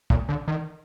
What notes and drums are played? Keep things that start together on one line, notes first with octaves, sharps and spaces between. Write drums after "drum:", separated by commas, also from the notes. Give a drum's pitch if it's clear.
A#2, drum: kick
D3
D#3